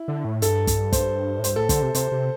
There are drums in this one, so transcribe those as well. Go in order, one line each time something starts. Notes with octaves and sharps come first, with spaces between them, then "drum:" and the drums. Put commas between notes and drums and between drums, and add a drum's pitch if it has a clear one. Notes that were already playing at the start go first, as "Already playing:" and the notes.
Already playing: E4
D3
A2
G2 A4, drum: hi-hat
drum: kick, hi-hat
C5, drum: kick, hi-hat
A2
G2 C5, drum: hi-hat
A2 A4
D3 C5, drum: kick, hi-hat
C3
C3 C5, drum: hi-hat
C3